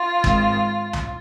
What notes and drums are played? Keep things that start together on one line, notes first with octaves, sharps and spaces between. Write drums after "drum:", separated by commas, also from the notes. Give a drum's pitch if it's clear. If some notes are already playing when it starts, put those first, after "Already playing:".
Already playing: F4
G#2 D#3 G#3 C4, drum: kick
drum: tom C2